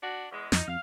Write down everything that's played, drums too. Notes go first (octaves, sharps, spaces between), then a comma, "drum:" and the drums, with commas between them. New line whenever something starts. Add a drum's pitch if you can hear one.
D4 F#4
E2 G#3
F2 D#4, drum: snare
F2 F5